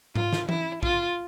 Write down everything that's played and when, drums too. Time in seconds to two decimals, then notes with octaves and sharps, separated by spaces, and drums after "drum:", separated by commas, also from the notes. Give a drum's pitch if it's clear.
0.15 F4, drum: tom G#2
0.33 drum: snare
0.49 E4, drum: tom E3
0.83 F4, drum: kick A#1